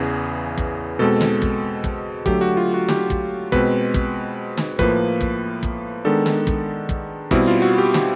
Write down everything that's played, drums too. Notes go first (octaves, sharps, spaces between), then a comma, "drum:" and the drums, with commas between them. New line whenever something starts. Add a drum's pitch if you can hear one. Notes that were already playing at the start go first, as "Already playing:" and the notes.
Already playing: E2 C#3 E3 G#4
drum: kick
B2 G#3 C4 A4
drum: snare
drum: kick
drum: kick
D3 F#3 A3 G4, drum: kick
F#4
F4
F#4
G4, drum: snare
drum: kick
B2 G#3 C4 B4, drum: kick
drum: kick
drum: snare
A2 F3 A#3 B4, drum: kick
drum: kick
drum: kick
D#3 G#3 B3 D4 A4
drum: snare
drum: kick
drum: kick
B2 G3 C4 E4, drum: kick
F4
F#4
G4
drum: snare